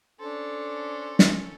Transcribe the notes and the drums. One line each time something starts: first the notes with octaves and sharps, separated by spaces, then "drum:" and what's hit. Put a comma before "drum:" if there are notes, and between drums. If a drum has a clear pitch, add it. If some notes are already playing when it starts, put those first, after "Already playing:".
C#4 D4 A4 C5
drum: snare